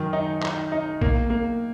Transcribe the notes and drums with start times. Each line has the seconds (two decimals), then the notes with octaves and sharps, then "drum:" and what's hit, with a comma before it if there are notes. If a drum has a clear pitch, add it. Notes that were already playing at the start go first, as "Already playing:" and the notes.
Already playing: F#2 D#3
0.13 D#4
0.43 D#4, drum: clap
0.72 D#4
1.01 A#3, drum: kick
1.30 A#3